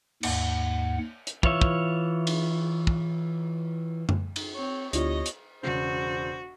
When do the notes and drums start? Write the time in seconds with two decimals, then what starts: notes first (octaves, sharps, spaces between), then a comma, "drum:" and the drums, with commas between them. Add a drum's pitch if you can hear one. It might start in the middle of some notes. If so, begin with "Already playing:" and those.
0.23 D#2 G#2 F#5, drum: cymbal
1.27 drum: hi-hat
1.43 E3 F4 C#5 E5, drum: kick
1.61 drum: kick
2.27 drum: cymbal
2.87 drum: kick
4.09 drum: tom F#2
4.36 drum: cymbal
4.55 C4 C#5
4.93 D2 B3 D4 E4 F4 G4 C#5 D#5, drum: hi-hat
5.26 drum: hi-hat
5.63 E1 C#3 F#4 C5